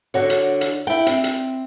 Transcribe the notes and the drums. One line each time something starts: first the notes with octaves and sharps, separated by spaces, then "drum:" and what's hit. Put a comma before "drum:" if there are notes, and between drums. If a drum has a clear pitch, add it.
D3 F#4 C#5
drum: hi-hat
drum: hi-hat
E4 G5
C4, drum: hi-hat
drum: hi-hat